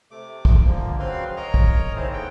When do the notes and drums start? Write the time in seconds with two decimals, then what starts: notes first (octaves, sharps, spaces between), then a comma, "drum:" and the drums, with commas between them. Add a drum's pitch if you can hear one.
0.11 C3 A3 D6
0.45 drum: kick
0.65 D3 F3 A#3
1.00 C#3 F#3 C4 B4 F5 C6
1.37 A#4 C#5 D#5 A#5
1.54 drum: kick
1.96 A#3 C4 D#4 E4 G#4
2.13 A3 B3 G5